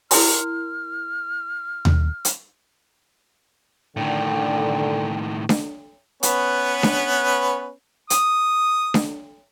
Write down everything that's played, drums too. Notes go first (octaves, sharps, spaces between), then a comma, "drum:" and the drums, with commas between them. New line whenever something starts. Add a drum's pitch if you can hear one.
E4 A#4 C6 F6, drum: open hi-hat
drum: tom D#2
drum: hi-hat
A2 D3 D#3 G5
drum: snare D4
B3 C#4 B4, drum: hi-hat
drum: snare D4
D#6, drum: hi-hat
drum: snare D4